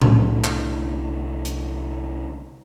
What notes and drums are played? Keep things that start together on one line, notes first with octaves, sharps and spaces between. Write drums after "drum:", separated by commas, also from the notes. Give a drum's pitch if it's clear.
C2 D3 A3, drum: tom A2
drum: clap
drum: hi-hat